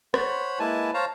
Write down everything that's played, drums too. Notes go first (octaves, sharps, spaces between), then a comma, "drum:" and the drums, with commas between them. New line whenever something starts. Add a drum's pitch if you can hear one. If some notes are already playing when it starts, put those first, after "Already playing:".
C5 C#5 F#5 B5, drum: rim click
G#3 A#3 E4 B4 G#5 A5
C5 C#5 F5 A5 A#5